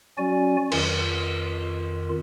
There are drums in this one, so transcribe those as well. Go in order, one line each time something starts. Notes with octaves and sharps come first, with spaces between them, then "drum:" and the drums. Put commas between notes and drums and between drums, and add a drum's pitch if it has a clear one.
F#3 C#4 F#4 D5 G#5
F2 D#3 F4, drum: cymbal